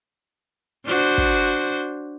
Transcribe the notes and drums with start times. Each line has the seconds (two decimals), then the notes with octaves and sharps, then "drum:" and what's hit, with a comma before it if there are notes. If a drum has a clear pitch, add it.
0.86 D4 F#4 C5
1.18 drum: kick